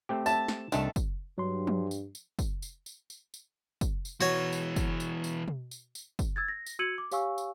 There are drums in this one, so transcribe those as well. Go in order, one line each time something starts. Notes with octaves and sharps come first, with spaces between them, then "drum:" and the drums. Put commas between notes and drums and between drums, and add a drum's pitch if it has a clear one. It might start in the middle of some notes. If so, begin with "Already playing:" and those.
A3 C4 G4
E5 A5, drum: tambourine
drum: snare
C2 D#3 A3 D4 A4, drum: tambourine
drum: kick, tambourine
G2 F#3 C6
drum: tom F3
drum: tambourine
drum: tambourine
drum: kick, tambourine
drum: tambourine
drum: tambourine
drum: tambourine
drum: tambourine
drum: kick, tambourine
drum: tambourine
B2 E3 F#4 C#5
drum: tambourine
drum: kick, tambourine
drum: tambourine
drum: tambourine
drum: tom B2
drum: tambourine
drum: tambourine
drum: kick, tambourine
E6 G#6 A6
A#6
drum: tambourine
F#4 E6 G#6 C#7 D#7 F#7
D6
G4 C#5 F5 G#5 C#6 E6, drum: tambourine
drum: tambourine